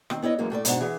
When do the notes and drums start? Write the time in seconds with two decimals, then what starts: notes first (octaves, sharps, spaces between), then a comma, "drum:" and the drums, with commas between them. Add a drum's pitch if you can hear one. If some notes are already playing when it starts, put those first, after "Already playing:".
0.10 D#3 C4, drum: rim click
0.22 B3 E4 C#5 D#5
0.38 F#2 E3 F#3 G#3 A#3 C#4
0.50 A2 A3 B4 D5
0.65 G#2 B2 D4 F#5, drum: hi-hat
0.80 E3 G#4